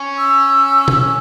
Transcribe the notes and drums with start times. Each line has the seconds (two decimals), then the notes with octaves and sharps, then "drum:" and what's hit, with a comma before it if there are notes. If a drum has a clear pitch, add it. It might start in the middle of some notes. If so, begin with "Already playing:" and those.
Already playing: C#4
0.18 E6
0.88 drum: tom B2